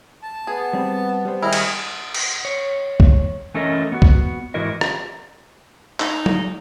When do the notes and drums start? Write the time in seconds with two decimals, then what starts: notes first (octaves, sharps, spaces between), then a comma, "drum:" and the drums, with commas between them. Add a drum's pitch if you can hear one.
0.23 A5
0.47 B3 G#4
0.73 G3 C4
1.25 G3 C5
1.42 D#3 E4 G#4 D#5 F6
1.53 drum: cymbal
2.14 drum: cymbal
2.45 C#5
3.00 drum: kick
3.54 E3 A3 C#4 A4 A#4 D#5
3.92 B3 F#4
4.02 drum: kick
4.54 G#2 E3 E4 F#4 A#4 D#5
4.81 drum: rim click
6.00 D#4, drum: clap
6.26 drum: tom